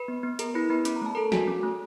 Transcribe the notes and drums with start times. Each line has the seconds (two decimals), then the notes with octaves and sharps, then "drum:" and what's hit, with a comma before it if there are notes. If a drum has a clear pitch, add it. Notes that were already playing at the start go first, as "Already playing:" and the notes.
Already playing: B4 B5
0.08 B3
0.23 B3
0.39 G#4 A#4 A#5, drum: hi-hat
0.54 E4 B4 B5
0.70 B3 B4 B5
0.85 C#4 B5, drum: hi-hat
0.96 A#5
1.02 A3 A5
1.15 A4 A#4 A#5
1.32 F#4 G#4 G#5, drum: snare
1.48 C#4
1.63 A3